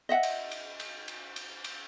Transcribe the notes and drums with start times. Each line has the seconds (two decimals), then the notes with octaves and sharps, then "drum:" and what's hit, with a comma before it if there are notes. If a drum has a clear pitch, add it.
0.09 D#5 E5 F#5
0.23 drum: cymbal
0.51 drum: cymbal
0.80 drum: cymbal
1.08 drum: cymbal
1.36 drum: cymbal
1.64 drum: cymbal